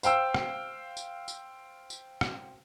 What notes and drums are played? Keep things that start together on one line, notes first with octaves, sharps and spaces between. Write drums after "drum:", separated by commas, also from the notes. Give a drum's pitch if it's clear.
C5 F5 G5 E6, drum: tambourine
drum: rim click
drum: tambourine
drum: tambourine
drum: tambourine
drum: rim click